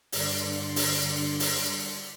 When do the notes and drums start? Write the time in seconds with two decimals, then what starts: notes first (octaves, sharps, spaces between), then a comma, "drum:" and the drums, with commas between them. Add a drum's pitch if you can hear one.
0.12 G2 D3 D5 C6, drum: open hi-hat
0.76 drum: open hi-hat
1.40 drum: open hi-hat